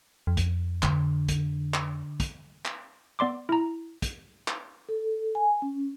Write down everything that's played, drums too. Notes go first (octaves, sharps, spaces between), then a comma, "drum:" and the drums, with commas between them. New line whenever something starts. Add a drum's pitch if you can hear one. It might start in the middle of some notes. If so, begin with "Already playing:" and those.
F2
drum: kick, hi-hat
D3, drum: clap
drum: kick, hi-hat
drum: clap
drum: kick, hi-hat
drum: clap
B3 D5 C6 D6
E4 A#5
drum: kick, hi-hat
drum: clap
A4
G#5
C#4